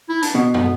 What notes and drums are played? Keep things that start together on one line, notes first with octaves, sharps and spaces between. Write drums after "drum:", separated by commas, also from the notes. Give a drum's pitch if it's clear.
E4
D4, drum: hi-hat
B2 B3
B3, drum: tom